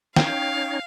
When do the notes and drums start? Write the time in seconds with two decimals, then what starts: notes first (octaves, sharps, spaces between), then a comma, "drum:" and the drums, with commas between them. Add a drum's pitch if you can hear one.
0.16 C#4 D#4 C#5 F5 G5, drum: snare